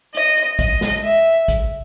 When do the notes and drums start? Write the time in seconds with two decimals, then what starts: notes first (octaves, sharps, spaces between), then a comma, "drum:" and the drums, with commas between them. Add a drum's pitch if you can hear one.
0.15 D#5, drum: hi-hat
0.36 drum: hi-hat
0.59 D#5, drum: kick A1, hi-hat
0.81 drum: snare
1.04 E5
1.48 drum: kick A1, hi-hat